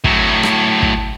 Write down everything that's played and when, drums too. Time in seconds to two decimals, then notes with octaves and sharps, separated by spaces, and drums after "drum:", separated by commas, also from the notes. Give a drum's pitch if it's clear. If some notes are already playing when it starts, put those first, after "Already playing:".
0.04 A2 F#3, drum: kick
0.43 drum: rim click
0.82 drum: kick